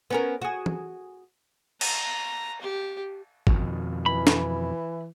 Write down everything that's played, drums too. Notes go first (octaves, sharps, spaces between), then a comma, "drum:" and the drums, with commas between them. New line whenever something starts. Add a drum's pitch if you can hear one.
B3 C#4 A#4
F#4 G#4
drum: tom
A#5, drum: cymbal
G4
F2 B2 D#3, drum: kick
E3 B5
drum: snare